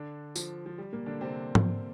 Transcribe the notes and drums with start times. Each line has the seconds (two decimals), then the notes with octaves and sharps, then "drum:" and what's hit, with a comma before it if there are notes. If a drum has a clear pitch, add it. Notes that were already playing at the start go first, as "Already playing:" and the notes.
Already playing: D3 D4
0.36 F3, drum: tambourine
0.66 F3
0.78 G3
0.92 A#2 A#3
1.06 D3 D4
1.21 C3 C4
1.55 drum: tom